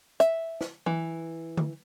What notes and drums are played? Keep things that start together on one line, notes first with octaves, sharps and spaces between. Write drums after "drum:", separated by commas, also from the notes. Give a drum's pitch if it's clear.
E5, drum: hi-hat
drum: snare
E3, drum: tom E3
drum: tom D3